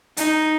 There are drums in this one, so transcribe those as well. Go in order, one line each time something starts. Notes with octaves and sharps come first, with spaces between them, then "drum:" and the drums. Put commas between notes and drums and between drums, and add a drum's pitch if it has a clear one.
D#4, drum: hi-hat